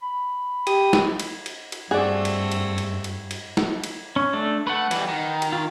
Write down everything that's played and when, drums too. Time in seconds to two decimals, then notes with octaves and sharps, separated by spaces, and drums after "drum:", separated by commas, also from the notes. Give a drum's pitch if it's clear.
0.03 B5
0.67 G4 D#6, drum: cymbal
0.93 drum: snare
1.20 drum: cymbal
1.46 drum: cymbal
1.72 drum: cymbal
1.91 G2 A3 C4 F#4 G#4 D5
2.25 drum: cymbal
2.52 drum: cymbal
2.78 drum: cymbal
3.04 drum: cymbal
3.31 drum: cymbal
3.57 drum: snare
3.84 drum: cymbal
4.16 C#4
4.33 A3 D4
4.67 A3 B4 F#5
4.91 E3 G3, drum: cymbal
5.08 D#3
5.42 drum: cymbal
5.52 F4